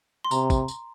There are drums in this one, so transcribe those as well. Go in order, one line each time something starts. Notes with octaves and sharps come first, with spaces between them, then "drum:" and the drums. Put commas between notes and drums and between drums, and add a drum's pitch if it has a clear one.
C6
C3 A#5, drum: tambourine
drum: kick, tambourine
drum: tambourine